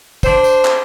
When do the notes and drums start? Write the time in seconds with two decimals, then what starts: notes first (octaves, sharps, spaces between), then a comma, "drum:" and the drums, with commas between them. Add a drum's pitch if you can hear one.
0.23 D4 C5, drum: kick, tambourine
0.44 drum: tambourine
0.65 drum: clap